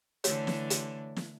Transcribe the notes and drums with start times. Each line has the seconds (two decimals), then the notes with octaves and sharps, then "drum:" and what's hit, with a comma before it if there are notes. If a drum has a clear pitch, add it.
0.24 D3 E3 A3 C#5, drum: hi-hat
0.47 drum: snare
0.70 drum: hi-hat
1.17 drum: snare